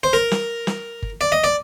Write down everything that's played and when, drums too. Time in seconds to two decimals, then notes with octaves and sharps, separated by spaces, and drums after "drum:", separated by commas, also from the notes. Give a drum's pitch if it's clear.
0.03 C5
0.13 A#4
0.32 drum: snare
0.67 drum: snare
1.02 drum: kick G1
1.21 D5
1.32 D#5
1.44 D5